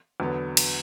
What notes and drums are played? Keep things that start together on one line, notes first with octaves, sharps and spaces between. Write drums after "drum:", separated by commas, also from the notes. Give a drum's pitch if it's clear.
E2 D3 F#3 B3
drum: cymbal